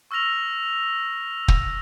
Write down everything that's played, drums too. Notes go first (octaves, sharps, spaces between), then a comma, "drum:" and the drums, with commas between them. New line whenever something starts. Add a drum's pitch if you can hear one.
C#6 E6 F6 A#6 F7
drum: kick